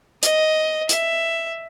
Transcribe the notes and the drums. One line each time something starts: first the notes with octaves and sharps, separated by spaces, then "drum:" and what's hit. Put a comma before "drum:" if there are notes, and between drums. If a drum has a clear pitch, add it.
D#5, drum: hi-hat
E5, drum: hi-hat